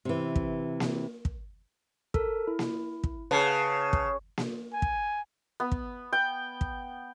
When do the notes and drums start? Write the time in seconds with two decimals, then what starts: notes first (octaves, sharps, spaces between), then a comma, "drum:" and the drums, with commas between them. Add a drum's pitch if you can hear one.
0.05 C3 E3
0.36 drum: kick
0.80 drum: snare A#3
1.25 drum: kick
2.14 A4 A#4, drum: kick
2.47 E4
2.59 drum: snare A#3
3.04 drum: kick
3.31 C#3 B4 A5 C7
3.93 drum: kick
4.38 drum: snare A#3
4.73 G#5
4.82 drum: kick
5.60 B3
5.72 drum: kick
6.13 G5
6.61 drum: kick